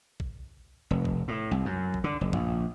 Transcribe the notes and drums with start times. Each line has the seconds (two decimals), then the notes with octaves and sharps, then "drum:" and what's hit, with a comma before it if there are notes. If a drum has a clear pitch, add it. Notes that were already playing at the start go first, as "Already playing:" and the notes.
0.20 drum: kick A#1
0.91 F1
1.05 drum: kick A#1
1.28 A2
1.51 C2
1.65 F#2
1.94 drum: kick A#1
2.04 D3
2.21 F#1
2.33 A#1, drum: tom G2